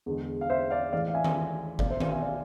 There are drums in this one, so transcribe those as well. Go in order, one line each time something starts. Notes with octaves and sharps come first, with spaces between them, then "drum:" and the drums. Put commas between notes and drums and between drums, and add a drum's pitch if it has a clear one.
E2 D3 G#3
F5
C5 E5
D5 F5
A2 E3 G#3 D5 F5
F5
E5 G#5
drum: tom D#3
B2 A3 D5 F5, drum: kick G1
C5 E5
D5 F5, drum: tom D#3
E5 G#5
D5 F5